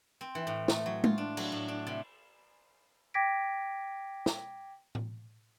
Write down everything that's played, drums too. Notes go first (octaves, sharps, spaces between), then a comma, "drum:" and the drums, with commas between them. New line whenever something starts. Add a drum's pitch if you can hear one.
C4
E3
A2
A3, drum: snare
F#3
F4, drum: tom G#3
D4
F#3, drum: cymbal
A2
D4
C3
G5 D6 G#6 A#6 B6 D7
drum: snare
drum: tom A2